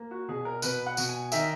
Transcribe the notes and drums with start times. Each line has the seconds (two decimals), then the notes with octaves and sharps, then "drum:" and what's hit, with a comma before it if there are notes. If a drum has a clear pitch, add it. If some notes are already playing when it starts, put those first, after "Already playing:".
Already playing: A#3
0.11 F#4
0.28 B2 G#4
0.45 A#4
0.62 B2 B4, drum: tambourine
0.86 F#5
0.97 B2, drum: tambourine
1.09 G#5
1.32 D#3 E5, drum: tambourine